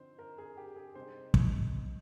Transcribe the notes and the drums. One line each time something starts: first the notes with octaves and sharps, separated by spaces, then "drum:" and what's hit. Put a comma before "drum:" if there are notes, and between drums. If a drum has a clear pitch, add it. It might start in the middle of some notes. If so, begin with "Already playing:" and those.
Already playing: D3 F3 C4 D#4 C5
A#4
G#4
G4
G#4
C3 G3 C4 D#4 C5
drum: kick